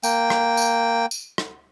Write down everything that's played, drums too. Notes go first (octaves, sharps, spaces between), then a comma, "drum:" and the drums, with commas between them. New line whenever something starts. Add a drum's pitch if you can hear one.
A#3 G5, drum: tambourine
drum: rim click
drum: tambourine
drum: tambourine
drum: rim click